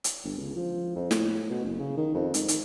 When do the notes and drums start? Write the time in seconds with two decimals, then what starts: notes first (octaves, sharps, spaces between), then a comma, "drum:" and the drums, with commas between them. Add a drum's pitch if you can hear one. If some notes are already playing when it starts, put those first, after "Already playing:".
0.04 drum: hi-hat
0.24 G1
0.37 C#2
0.56 F3
0.96 F2
1.11 A2, drum: snare
1.50 B2
1.64 F#1
1.79 C#3
1.97 D#3
2.14 F2
2.34 G#2, drum: hi-hat
2.48 D#3, drum: hi-hat